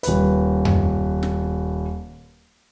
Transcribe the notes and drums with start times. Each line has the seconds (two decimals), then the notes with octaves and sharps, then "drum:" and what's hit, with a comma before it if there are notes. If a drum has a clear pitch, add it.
0.03 D#1 B4, drum: hi-hat
0.65 drum: tom F2
1.23 drum: snare